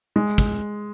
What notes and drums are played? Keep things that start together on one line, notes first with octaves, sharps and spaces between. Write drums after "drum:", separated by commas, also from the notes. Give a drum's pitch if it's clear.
G#3
drum: kick, hi-hat